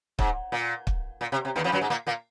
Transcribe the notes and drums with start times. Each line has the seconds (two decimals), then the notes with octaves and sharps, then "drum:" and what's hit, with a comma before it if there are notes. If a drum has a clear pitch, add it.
0.19 G#2, drum: kick
0.52 A#2
0.87 drum: kick
1.21 A#2
1.32 C3
1.45 C3
1.56 D#2 D#3
1.64 F2 F3
1.72 F#2 F#3
1.81 G#2 G#3
1.90 A#2 A#3
2.07 A#2 A#3